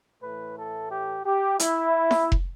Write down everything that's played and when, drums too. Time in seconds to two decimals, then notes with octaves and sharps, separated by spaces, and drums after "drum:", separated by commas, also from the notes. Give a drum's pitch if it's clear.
0.22 A2 E3 A3 B4
0.56 A4
0.91 G4
1.25 G4
1.60 E4, drum: hi-hat
2.11 drum: snare E4
2.32 drum: kick F1